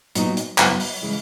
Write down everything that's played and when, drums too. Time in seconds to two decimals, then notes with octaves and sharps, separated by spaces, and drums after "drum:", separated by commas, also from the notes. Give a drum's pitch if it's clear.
0.15 A#2 F#3 B3 D#4, drum: hi-hat
0.37 drum: hi-hat
0.58 F#2 C#3 F#3 B3 E4, drum: clap
0.80 drum: open hi-hat
1.02 C#3 E3 G#3